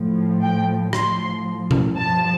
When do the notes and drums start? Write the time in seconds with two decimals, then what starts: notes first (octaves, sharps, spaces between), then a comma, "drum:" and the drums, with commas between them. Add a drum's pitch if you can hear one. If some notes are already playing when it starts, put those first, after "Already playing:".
Already playing: A2 F3
0.42 G5
0.93 A2 F3 C6, drum: rim click
1.71 drum: tom B2
1.96 G2 F3 A5